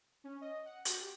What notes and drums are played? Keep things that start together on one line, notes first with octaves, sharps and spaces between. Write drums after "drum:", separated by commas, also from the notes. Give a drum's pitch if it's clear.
C#4
D#5
F#5
F#4, drum: hi-hat
G4